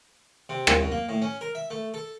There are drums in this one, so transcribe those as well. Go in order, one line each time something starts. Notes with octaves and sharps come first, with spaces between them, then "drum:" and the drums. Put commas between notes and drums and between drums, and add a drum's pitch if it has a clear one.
C3
A#2, drum: rim click
F#2
A#3
A2
C#4
A#4
E5
A3
A4